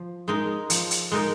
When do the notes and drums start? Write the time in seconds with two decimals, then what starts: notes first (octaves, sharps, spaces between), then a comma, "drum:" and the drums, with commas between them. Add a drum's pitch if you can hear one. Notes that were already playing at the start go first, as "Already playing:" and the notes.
Already playing: F3
0.28 G#3 D#4 A#4
0.70 F3, drum: hi-hat
0.91 drum: hi-hat
1.12 G#3 D#4 A#4